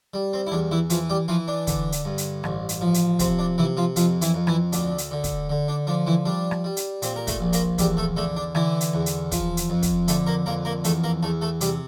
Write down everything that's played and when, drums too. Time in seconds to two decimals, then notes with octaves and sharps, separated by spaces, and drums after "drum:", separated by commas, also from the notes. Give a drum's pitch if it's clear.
0.14 G3
0.33 C4
0.47 E4
0.52 E2 D4
0.71 E3 E4
0.90 E3 F3 F4, drum: hi-hat
1.10 G3 G4
1.28 E3 F3 F4
1.48 D4
1.67 D3, drum: kick, hi-hat
1.92 drum: hi-hat
2.05 G2
2.18 drum: hi-hat
2.44 A1, drum: rim click
2.69 drum: hi-hat
2.81 F3
2.94 drum: hi-hat
3.19 C3 C4, drum: kick, hi-hat
3.39 D4
3.58 C3 E3 E4
3.77 F3 F4
3.96 F2 F3 F4, drum: hi-hat
4.22 E3 E4, drum: hi-hat
4.34 F2
4.47 E3 E4, drum: rim click
4.72 D2 D4, drum: hi-hat
4.98 drum: hi-hat
5.11 D3
5.24 drum: kick, hi-hat
5.50 D3
5.68 D4
5.87 F3 D4
6.07 E3 E4
6.26 G3 D4
6.51 drum: rim click
6.64 G3
6.77 drum: hi-hat
7.02 A#2 C4, drum: hi-hat
7.16 A#4
7.27 A3 A4, drum: kick, hi-hat
7.41 A#1
7.53 A#3 A#4, drum: hi-hat
7.78 E2 G3 G4, drum: kick, hi-hat
7.97 A3 A4
8.16 D3 A3 A4
8.37 D4
8.55 D3 E3 E4, drum: rim click
8.81 drum: hi-hat
8.94 E2
9.06 drum: hi-hat
9.32 F3, drum: kick, hi-hat
9.57 drum: hi-hat
9.70 F2
9.82 drum: kick, hi-hat
10.08 D3 A3 A4, drum: hi-hat
10.27 A#3 A#4
10.46 F2 A#3 A#4
10.65 A#3 A#4
10.84 E2 A3 A4, drum: hi-hat
11.04 A#3 A#4
11.23 E2 A3 A4
11.41 A3 A4
11.61 C3 G3 G4, drum: hi-hat